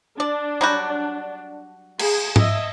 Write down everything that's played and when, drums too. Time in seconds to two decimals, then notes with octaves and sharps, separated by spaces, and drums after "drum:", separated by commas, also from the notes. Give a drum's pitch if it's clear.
0.20 D4 D5
0.61 F#3 G3 F#4
1.99 G#4, drum: cymbal
2.36 D#5 E5, drum: tom G#2